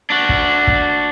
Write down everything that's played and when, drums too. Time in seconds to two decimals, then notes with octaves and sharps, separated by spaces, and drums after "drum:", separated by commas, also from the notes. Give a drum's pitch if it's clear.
0.10 D4 F#4
0.29 drum: kick
0.67 drum: kick